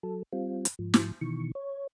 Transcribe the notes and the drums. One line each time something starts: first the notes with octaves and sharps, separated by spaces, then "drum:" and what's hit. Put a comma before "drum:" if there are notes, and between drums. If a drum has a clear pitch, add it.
F#3 A4
G3 C4 F4
drum: hi-hat
G#2 F3
drum: snare
B2 D#3 E3 C#6
C#5